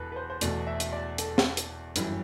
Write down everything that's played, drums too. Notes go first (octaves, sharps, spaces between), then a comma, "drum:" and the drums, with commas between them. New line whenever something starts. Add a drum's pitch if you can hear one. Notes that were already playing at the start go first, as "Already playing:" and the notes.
Already playing: E1 E2 A4 B4
B4
C5
C5
E1 E2 B2 A3 D5, drum: hi-hat
E5
drum: hi-hat
D5
A4, drum: hi-hat
drum: snare
drum: hi-hat
G1 F#2 E3 G3, drum: hi-hat